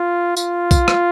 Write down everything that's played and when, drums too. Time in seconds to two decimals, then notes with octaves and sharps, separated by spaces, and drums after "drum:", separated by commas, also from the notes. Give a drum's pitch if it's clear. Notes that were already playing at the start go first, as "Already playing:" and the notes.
Already playing: F4
0.36 F4, drum: tambourine
0.71 drum: kick B1, tambourine
0.88 drum: rim click